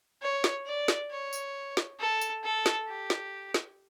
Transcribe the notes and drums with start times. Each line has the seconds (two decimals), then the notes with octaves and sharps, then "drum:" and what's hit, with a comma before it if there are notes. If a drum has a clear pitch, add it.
0.22 C#5
0.44 drum: snare
0.66 D5
0.88 drum: snare
1.11 C#5
1.33 drum: tambourine
1.77 drum: snare
2.00 A4
2.21 drum: tambourine
2.43 A4
2.66 drum: snare
2.87 G4
3.10 drum: snare
3.54 drum: snare